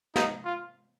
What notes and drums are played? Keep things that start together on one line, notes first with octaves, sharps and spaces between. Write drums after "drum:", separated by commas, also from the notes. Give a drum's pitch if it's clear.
D#4, drum: snare
F4